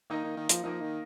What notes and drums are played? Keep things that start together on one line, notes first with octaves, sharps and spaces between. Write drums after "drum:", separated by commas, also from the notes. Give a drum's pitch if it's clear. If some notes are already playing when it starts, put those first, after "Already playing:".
D#3 A#3 D#4 A#4 D#5
D#3
D#3
F3, drum: hi-hat
F3 A#3 D#4 A#4 D#5
D#3